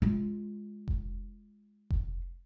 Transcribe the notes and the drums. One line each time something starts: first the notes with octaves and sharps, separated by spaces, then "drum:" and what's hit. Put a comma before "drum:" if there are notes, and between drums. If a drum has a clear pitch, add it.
G#3 F4
drum: kick F1
drum: kick F1